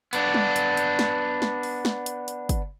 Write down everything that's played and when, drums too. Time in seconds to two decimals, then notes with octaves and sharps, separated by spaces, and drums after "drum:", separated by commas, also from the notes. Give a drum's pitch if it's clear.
0.13 B3 D4, drum: hi-hat
0.34 drum: tom G3
0.56 drum: hi-hat
0.77 drum: hi-hat
0.99 drum: snare
1.42 drum: snare
1.63 drum: open hi-hat
1.85 drum: snare
2.06 drum: hi-hat
2.28 drum: hi-hat
2.49 drum: kick, hi-hat